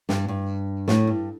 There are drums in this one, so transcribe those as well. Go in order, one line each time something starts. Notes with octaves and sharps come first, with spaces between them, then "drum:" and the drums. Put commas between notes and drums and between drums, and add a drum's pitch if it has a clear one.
G2, drum: snare
G2
A2, drum: snare
G2